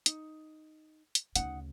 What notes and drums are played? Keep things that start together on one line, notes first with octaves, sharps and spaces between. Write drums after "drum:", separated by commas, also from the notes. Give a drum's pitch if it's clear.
D#4, drum: hi-hat
drum: hi-hat
D2 C#3 D#4 F#5, drum: hi-hat